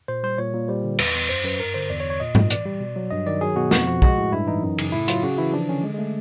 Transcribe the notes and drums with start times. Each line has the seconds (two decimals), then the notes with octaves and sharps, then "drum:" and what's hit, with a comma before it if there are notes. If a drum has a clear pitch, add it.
0.08 A#2 C5
0.23 G3 C5
0.38 A#2 C#5
0.54 A#2
0.68 G3 C5
0.84 D3
0.99 E2 B4, drum: cymbal
1.15 E2
1.29 F#2 C5
1.44 F#2 B4
1.60 G2 A#4
1.74 D3 C5
1.90 E2 D5
2.00 C#5
2.05 E2
2.10 C#5
2.20 A#2 D#5
2.35 A#2, drum: tom G#2
2.50 E3 D5, drum: hi-hat
2.65 G3
2.80 B2
2.96 F#3
3.11 G2 D#5
3.26 D#3 D5
3.41 F#3 G#4
3.56 B2 F#4
3.71 F2 F#4, drum: snare
3.87 F3 F#4
4.02 G#3 F#4, drum: kick
4.18 A2
4.32 G2 E4
4.47 E3 D#4
4.62 F#2
4.78 C#3, drum: cymbal
4.92 A2 E4
5.08 F#3 F4, drum: hi-hat
5.23 C#3 F#4
5.38 E3 E4
5.53 F3 D4
5.69 D3 C#4
5.84 G#3
5.94 G#3
5.99 A3